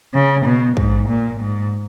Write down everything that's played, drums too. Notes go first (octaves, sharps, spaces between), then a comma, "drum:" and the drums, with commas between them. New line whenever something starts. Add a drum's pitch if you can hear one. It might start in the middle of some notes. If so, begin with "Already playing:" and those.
C#3
B2
G#2, drum: kick
A#2
G#2